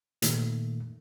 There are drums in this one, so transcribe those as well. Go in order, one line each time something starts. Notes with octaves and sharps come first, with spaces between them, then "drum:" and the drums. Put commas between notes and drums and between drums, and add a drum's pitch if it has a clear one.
A#2 D#3 A3, drum: hi-hat